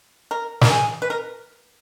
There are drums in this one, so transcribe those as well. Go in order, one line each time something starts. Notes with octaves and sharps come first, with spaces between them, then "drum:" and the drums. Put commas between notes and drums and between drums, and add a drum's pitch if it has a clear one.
A#4
A#4, drum: snare
G#4
B4
A#4